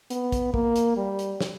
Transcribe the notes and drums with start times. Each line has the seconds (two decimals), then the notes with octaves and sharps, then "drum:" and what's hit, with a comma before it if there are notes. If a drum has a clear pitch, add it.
0.10 B3, drum: hi-hat
0.32 drum: kick, hi-hat
0.54 A#3, drum: kick
0.76 drum: hi-hat
0.97 G3
1.19 drum: hi-hat
1.41 drum: snare